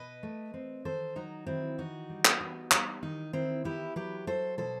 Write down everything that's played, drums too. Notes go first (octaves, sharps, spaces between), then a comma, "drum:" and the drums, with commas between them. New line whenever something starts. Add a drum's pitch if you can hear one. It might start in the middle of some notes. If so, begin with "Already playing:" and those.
Already playing: B2 B4 D#5
A3
C4
D#3 A4 C5
F#3 D#4 F#4
D#3 C4 E4
E3 D#4 F#4
G3
drum: clap
B3
G3 D#4, drum: clap
D#3 D#4
D#3 C4 E4
B3 E4 G4
F#3 G4 B4
F#3 A4 C5
B2 A4 C5